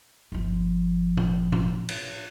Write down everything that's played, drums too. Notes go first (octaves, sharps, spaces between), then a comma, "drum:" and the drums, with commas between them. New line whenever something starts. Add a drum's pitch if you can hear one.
G1 F3
drum: tom A2
drum: tom A2
drum: cymbal